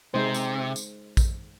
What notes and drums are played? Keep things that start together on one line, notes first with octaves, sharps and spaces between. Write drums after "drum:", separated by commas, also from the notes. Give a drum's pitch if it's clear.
C3 G#3 D#4 C5
drum: tambourine
drum: tambourine
drum: kick A#1, tambourine